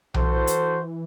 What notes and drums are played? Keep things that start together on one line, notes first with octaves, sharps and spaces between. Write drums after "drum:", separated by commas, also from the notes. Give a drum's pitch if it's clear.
E3 F#4 A4 C5, drum: tom B1
drum: hi-hat